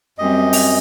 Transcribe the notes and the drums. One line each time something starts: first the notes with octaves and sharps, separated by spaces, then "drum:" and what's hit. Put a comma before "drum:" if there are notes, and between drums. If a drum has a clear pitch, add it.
F#2 G3 C4 D#5
drum: open hi-hat